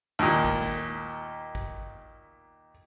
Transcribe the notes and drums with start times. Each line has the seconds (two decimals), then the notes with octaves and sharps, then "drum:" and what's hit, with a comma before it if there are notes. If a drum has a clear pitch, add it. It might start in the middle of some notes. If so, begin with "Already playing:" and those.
0.19 D#2 A#2, drum: snare
0.45 drum: kick
0.61 drum: snare
1.55 drum: kick